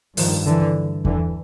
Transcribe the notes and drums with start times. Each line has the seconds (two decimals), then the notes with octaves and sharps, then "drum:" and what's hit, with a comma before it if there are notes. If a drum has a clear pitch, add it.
0.17 G2 D#3 F3, drum: open hi-hat
0.46 D3 E3
1.05 D3 E3, drum: kick E2